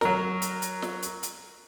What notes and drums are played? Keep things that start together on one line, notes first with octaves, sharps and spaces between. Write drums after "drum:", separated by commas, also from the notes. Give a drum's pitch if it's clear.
F#3 A#4, drum: snare
drum: hi-hat
drum: hi-hat
drum: snare
drum: hi-hat
drum: hi-hat